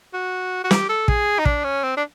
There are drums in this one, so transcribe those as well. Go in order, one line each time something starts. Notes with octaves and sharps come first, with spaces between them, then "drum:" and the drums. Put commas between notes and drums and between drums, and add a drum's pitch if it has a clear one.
F#4
F#4
G4, drum: snare
A4
G#4, drum: kick
D#4
D4, drum: kick
C#4
C4
D4